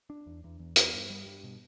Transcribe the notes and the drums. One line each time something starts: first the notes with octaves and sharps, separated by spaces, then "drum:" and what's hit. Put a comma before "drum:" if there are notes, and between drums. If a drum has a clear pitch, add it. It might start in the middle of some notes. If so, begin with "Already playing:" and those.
D4
E2
E2
E2
B3, drum: hi-hat
G2
G3
G2
B2